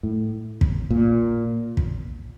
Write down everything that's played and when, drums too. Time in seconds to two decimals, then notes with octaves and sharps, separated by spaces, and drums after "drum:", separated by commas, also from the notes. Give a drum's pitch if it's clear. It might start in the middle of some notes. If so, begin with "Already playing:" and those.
0.03 A2
0.61 drum: kick
0.91 A#2
1.77 drum: kick